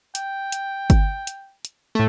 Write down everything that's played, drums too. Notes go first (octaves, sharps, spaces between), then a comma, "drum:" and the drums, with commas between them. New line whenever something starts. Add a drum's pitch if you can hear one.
G5, drum: hi-hat
drum: hi-hat
drum: kick G1, hi-hat
drum: hi-hat
drum: hi-hat
A2 A3